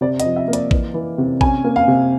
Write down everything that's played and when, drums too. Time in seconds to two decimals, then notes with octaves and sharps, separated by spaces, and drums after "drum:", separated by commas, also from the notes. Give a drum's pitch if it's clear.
0.01 C3 D5
0.20 D#5, drum: hi-hat
0.25 F3
0.36 E5
0.48 A#3
0.53 D5, drum: hi-hat
0.71 E3, drum: kick A#1
0.94 E3
1.18 C3
1.41 C#4 G#5, drum: kick A#1
1.64 A#3
1.76 F5
1.88 C3